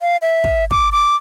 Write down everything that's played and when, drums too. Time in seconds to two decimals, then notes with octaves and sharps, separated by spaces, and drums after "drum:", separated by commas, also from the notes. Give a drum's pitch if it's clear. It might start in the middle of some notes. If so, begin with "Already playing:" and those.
0.01 F5
0.22 E5
0.44 drum: kick
0.71 D6, drum: kick
0.92 D6